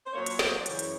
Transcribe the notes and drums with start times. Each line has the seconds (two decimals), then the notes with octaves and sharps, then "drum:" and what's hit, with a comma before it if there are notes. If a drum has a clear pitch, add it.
0.06 C5
0.13 A#2 F#3 A#3 C#5
0.26 drum: hi-hat
0.39 C5, drum: snare
0.60 D5
0.66 F#2 C#3 E3 A3 C#5, drum: hi-hat
0.79 drum: hi-hat